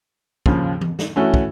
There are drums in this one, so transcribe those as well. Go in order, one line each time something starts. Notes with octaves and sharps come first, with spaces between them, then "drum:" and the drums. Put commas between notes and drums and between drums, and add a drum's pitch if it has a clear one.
D#2 C#3 F3, drum: kick
drum: tom E3
drum: snare
E3 A3 C#4 F#4
drum: kick